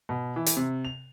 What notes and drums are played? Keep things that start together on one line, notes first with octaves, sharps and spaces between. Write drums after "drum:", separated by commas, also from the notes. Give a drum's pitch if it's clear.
B2
E3
drum: hi-hat
C3
F7